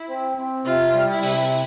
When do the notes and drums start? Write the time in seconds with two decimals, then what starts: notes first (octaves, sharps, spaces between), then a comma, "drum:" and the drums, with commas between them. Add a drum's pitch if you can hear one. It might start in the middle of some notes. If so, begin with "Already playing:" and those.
Already playing: E4
0.09 C4
0.38 C4
0.65 C3 F4
0.94 G3
1.08 E4
1.23 C3, drum: open hi-hat